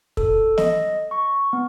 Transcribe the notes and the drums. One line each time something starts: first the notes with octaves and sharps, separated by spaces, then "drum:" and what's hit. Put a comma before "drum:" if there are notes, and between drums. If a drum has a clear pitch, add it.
A4, drum: kick
D#5, drum: snare
C#6
B3